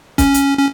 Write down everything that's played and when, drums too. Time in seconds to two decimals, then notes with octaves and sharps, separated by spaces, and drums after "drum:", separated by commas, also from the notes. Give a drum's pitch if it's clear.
0.18 C#4, drum: kick, hi-hat
0.34 drum: hi-hat
0.58 C#4